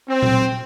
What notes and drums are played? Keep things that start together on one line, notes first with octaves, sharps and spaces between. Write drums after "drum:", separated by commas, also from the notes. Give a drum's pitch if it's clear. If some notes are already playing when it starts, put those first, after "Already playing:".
C4
drum: tom A#2